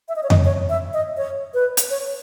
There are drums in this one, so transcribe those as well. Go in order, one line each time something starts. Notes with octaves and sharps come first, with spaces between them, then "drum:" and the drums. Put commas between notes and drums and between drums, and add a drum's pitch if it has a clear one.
E5
D#5
C#5
D#5, drum: tom F2
C#5
E5
D#5
C#5
B4
drum: hi-hat
C#5